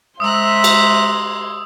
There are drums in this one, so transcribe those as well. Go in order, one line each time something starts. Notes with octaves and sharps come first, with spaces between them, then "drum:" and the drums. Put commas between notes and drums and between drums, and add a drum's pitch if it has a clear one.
G#3 C5 E5 A#5 C6 D#6 E6 F#6
drum: cymbal